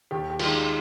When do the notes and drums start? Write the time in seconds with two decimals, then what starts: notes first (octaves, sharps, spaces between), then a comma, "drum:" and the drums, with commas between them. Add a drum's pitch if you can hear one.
0.11 D#2 G4
0.30 G4
0.39 D#3 G#3 F4, drum: cymbal